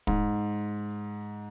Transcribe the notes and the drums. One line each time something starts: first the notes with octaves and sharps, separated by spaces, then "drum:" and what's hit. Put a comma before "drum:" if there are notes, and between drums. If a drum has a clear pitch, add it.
G#2, drum: kick